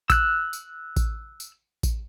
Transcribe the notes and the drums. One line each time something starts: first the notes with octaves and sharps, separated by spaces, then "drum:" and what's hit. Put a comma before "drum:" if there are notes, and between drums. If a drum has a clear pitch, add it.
E6 F#6, drum: kick A1, tambourine
drum: tambourine
drum: kick A1, tambourine
drum: tambourine
drum: kick A1, tambourine